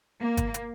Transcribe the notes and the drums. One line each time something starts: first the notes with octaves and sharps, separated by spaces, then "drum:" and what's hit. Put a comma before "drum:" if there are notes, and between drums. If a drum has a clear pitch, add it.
A#3
drum: kick, hi-hat
drum: hi-hat